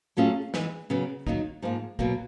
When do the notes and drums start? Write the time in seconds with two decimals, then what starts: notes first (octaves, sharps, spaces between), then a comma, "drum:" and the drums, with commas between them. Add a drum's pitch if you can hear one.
0.17 F#3 A3 C#4 F4 G#4
0.54 E3 G#3 B3, drum: snare
0.90 C#3 F#3 B3
1.27 D#3 F#3 A#3 D#4, drum: kick
1.62 G#2 F3 A#3
1.99 B2 F#3 A#3, drum: kick